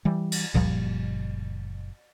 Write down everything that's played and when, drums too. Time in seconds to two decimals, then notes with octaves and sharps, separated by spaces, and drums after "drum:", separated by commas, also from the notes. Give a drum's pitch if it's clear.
0.05 E3 G3
0.32 drum: cymbal
0.54 F#1 A#2 F3 G3, drum: kick D2